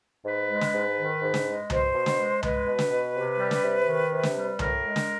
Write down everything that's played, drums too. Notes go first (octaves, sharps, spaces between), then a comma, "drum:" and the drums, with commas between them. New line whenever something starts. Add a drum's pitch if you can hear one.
G#2 B4
G#3
drum: snare
G#2
D#3
G#2
drum: snare
G#3
B2 C5, drum: tom C2
B2
drum: snare
G#3
G#3 B4, drum: tom C2
B2
drum: snare
B2
C3
G3
drum: snare
C3
D#3
C3
drum: snare
G3
A2 A#4, drum: tom C2
G#3
drum: snare